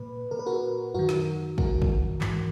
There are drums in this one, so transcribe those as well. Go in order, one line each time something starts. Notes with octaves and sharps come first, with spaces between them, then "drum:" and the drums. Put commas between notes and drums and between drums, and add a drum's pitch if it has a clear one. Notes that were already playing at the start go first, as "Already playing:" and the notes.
Already playing: A#2 B4
A#2 A#4
B4
F#4 A#4
F#2 D#3 F#4 A#4
drum: snare
F#2 D#3 F#4 A#4, drum: kick
drum: kick
G#2 E3, drum: clap